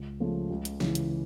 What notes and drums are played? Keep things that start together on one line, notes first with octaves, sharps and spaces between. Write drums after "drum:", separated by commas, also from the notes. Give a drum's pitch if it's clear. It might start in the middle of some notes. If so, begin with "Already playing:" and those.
Already playing: C#2
C#3 F3 A3
C#2
drum: hi-hat
C#3 E3, drum: snare
drum: hi-hat